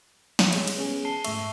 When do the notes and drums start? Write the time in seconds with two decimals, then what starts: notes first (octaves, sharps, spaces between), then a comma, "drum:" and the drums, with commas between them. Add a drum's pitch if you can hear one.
0.39 drum: snare
0.53 G3 G#3 C#5, drum: cymbal
0.68 drum: cymbal
0.77 B3 C#4 G#4
1.05 A5 C7 G7
1.25 G#2 A3 E5 C#6, drum: cymbal